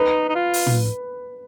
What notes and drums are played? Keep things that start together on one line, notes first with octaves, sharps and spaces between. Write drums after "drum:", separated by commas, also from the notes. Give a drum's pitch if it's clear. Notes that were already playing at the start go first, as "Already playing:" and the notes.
Already playing: D#4 B4
D#4
F4
drum: open hi-hat
drum: tom